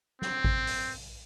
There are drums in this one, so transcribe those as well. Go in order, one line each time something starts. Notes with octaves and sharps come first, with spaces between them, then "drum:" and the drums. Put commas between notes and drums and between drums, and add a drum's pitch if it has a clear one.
C4, drum: snare
drum: kick G#1
drum: open hi-hat